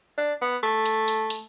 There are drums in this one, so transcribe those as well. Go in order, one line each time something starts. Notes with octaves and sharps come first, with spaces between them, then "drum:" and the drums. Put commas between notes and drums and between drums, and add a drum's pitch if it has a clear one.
D4
B3
A3
drum: hi-hat
drum: hi-hat
drum: hi-hat